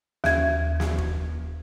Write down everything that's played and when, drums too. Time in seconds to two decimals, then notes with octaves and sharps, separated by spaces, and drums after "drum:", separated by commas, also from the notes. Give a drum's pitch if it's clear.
0.24 D#2 G#6, drum: snare
0.80 drum: snare
0.98 drum: kick